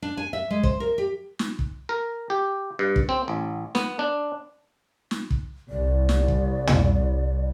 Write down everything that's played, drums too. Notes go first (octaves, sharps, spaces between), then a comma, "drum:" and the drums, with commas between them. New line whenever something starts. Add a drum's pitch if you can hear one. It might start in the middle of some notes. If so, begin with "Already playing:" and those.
D4
G#5
E5
G#3
C5, drum: kick
A#4
G4
drum: snare
drum: kick
A#4
G4
G2
drum: kick
C4
A1
B3, drum: snare
D4
drum: snare
drum: kick
C2 D5
drum: snare
drum: kick
drum: tom